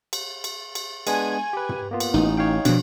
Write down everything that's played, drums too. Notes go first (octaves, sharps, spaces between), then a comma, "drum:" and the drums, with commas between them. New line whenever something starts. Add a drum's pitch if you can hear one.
drum: cymbal
drum: cymbal
drum: cymbal
G#3 B3 D4 G#5, drum: cymbal
G4 B4
drum: tom
A#3 B3 F4
drum: cymbal
A1 D#4
C#5 F5 G5
B2 F3 D4, drum: cymbal